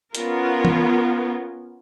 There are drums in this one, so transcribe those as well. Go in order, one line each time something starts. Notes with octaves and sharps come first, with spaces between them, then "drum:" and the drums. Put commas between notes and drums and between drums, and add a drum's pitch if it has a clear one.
B3 C#4 F4 A#4, drum: hi-hat
drum: tom E3